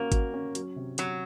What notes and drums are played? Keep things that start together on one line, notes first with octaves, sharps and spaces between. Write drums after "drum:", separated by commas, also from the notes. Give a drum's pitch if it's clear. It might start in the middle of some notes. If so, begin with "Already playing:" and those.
Already playing: A#3 C#4 F#4
F#4, drum: kick G#1, hi-hat
C#4
F#3, drum: hi-hat
C3
C3 F#3, drum: hi-hat